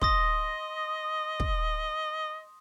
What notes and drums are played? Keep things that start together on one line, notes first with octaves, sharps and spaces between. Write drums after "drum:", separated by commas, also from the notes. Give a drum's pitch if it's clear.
D#5 C6 D#6 A#6, drum: kick
drum: kick